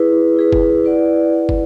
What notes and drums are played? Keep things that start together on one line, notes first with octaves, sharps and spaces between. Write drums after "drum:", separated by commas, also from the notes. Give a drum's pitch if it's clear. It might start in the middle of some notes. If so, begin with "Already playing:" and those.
Already playing: E4 G#4 B4
E4 G#4 B4
drum: kick
E4 B4 D5 F#5
E4 B4 D5 F#5
drum: kick